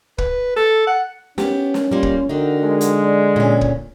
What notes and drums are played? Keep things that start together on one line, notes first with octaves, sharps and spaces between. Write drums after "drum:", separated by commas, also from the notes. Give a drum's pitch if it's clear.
B4, drum: kick
A4
F#5
B3 C#4 G4, drum: snare
drum: snare
G3 A#3 F4 C6
drum: kick
D3 D4 D#4 F#4 A#4 G5
G#3
drum: hi-hat
D5
A#2 C#4
drum: kick